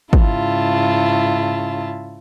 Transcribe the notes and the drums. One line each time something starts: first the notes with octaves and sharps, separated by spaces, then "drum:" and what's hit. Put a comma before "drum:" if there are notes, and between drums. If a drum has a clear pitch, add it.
G#2 C#3 E4 F4 A5, drum: kick